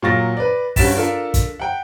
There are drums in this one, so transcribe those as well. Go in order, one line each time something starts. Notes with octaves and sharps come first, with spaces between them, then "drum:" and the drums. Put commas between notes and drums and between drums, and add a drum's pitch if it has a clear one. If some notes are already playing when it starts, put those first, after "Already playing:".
A#2 F#3 F5 C#6 A6 A#6
B4 D5
G2 C#4 F#4 A6 B6 E7, drum: kick, open hi-hat
D4 F4 A4 A#4
drum: kick, hi-hat
F#5 G5